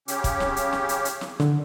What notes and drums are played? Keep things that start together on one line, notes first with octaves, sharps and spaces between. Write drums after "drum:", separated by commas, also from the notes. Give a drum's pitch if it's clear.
C#3 C#4 G4, drum: hi-hat
drum: kick, hi-hat
drum: snare
drum: hi-hat
drum: snare
drum: hi-hat
drum: hi-hat
drum: snare
D3, drum: snare